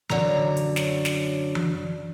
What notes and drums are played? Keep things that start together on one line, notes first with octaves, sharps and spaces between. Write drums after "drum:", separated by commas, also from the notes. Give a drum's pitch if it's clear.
F#2 D3 F#3 A#5, drum: tom E3
drum: hi-hat
drum: snare
drum: snare
drum: tom E3